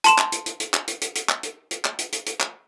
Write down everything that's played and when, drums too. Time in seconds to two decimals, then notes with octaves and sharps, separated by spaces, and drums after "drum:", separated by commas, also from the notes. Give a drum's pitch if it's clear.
0.04 A5 C6 E7, drum: hi-hat
0.18 drum: clap
0.32 drum: hi-hat
0.46 drum: hi-hat
0.60 drum: hi-hat
0.74 drum: clap
0.88 drum: hi-hat
1.01 drum: hi-hat
1.15 drum: hi-hat
1.29 drum: clap
1.43 drum: hi-hat
1.71 drum: hi-hat
1.85 drum: clap
1.99 drum: hi-hat
2.12 drum: hi-hat
2.26 drum: hi-hat
2.40 drum: clap